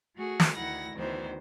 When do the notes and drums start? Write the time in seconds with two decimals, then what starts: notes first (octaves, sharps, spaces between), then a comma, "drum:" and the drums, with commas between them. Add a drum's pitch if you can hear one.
0.15 A3 F#4 G#4
0.40 drum: snare
0.55 D2 D#3 E4 F#5 A#6
0.95 D2 B2 D#3 E3 C5